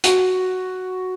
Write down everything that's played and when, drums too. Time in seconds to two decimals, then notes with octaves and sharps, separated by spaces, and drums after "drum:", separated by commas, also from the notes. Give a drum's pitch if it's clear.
0.04 F#4, drum: hi-hat